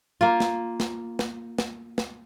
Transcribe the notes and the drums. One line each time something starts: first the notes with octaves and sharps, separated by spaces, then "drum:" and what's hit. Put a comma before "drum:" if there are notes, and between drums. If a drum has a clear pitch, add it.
A#3 F4
drum: snare
drum: snare
drum: snare
drum: snare
drum: snare